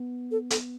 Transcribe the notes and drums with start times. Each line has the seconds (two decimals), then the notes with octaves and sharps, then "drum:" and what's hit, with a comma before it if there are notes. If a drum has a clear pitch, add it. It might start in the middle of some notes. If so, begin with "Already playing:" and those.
Already playing: B3
0.31 A4
0.50 A4, drum: hi-hat